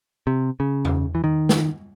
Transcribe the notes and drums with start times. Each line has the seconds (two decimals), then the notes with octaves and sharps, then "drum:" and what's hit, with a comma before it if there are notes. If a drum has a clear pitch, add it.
0.27 C3
0.60 C#3
0.85 drum: tom E2
1.15 E3
1.24 D#3
1.49 drum: snare